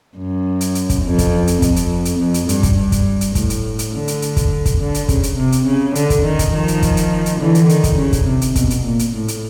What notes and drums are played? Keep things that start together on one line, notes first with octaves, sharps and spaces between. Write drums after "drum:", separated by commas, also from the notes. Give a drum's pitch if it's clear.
F#2
drum: hi-hat
drum: hi-hat
drum: kick, hi-hat
F2
drum: kick, hi-hat
drum: hi-hat
F2, drum: kick, hi-hat
drum: hi-hat
drum: hi-hat
F2
drum: hi-hat
G2, drum: hi-hat
drum: kick, hi-hat
G2
drum: kick, hi-hat
drum: hi-hat
A2, drum: kick, hi-hat
drum: hi-hat
drum: hi-hat
D3
drum: hi-hat
drum: hi-hat
drum: kick, hi-hat
drum: kick, hi-hat
D3
drum: hi-hat
C#3, drum: kick, hi-hat
drum: hi-hat
C3
drum: hi-hat
C#3
D3, drum: hi-hat
drum: kick, hi-hat
D#3
drum: kick, hi-hat
D#3 F3
drum: hi-hat
drum: kick, hi-hat
drum: hi-hat
drum: hi-hat
D3 E3
drum: hi-hat
D#3, drum: hi-hat
drum: kick, hi-hat
C#3
drum: kick, hi-hat
C3
drum: hi-hat
B2, drum: kick, hi-hat
drum: hi-hat
A#2
drum: hi-hat
A2
drum: hi-hat